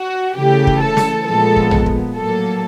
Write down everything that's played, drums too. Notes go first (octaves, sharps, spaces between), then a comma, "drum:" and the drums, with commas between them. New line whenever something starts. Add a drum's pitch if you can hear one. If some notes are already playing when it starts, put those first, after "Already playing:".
Already playing: F#4
C#3 E3 A3 G4
drum: kick
A4
drum: snare
A#2 F3 G#3 B3 A4
drum: kick
drum: tom A#1
drum: kick
A2 F#3 A#3 A4